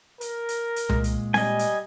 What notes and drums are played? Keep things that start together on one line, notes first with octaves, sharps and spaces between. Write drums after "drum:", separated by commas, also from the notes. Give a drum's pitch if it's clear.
A#4, drum: hi-hat
drum: hi-hat
drum: hi-hat
A#2 G#3, drum: tom C2
drum: hi-hat
G3 D#5 G#5, drum: snare C4
drum: hi-hat